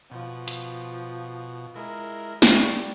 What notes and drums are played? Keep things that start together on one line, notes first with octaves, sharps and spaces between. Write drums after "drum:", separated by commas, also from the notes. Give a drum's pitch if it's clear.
B2 F3
drum: hi-hat
G#3 E4 A#4
G3 C#5, drum: snare